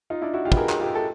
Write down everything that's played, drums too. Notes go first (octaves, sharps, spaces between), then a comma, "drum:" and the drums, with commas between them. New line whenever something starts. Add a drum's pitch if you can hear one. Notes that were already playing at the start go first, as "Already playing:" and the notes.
D#4 F4
D4 E4
E4 F#4
F4 G4
B4, drum: kick
G#4 A#4
G#4, drum: clap
F4 G4
A4